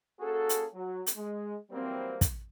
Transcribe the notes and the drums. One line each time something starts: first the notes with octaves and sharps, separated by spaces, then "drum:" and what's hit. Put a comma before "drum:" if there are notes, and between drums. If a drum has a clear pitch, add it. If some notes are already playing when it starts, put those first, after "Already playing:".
A#3 C#4 F#4 G#4 A4
drum: hi-hat
F#3
drum: hi-hat
G#3
E3 F#3 G3 A#3 C4
drum: kick, hi-hat